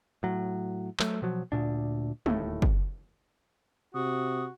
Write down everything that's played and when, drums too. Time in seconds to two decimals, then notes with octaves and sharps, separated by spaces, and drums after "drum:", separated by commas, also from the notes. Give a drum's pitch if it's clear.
0.23 A2 F#3
0.99 F#3 A3, drum: clap
1.22 B2 F3 F#3
1.52 D2 A#2 D4
2.26 D1 D#2 A2 A3, drum: tom G#3
2.62 drum: kick
3.94 C3 F#4 D#6